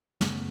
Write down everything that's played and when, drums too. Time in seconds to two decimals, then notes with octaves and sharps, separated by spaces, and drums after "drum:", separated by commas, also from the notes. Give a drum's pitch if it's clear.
0.21 F#2 C#3 A3 B3, drum: snare